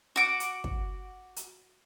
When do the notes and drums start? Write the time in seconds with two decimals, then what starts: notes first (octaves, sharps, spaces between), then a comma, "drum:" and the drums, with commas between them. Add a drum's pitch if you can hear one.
0.16 F#4 D6
0.40 drum: hi-hat
0.64 drum: kick
1.36 drum: hi-hat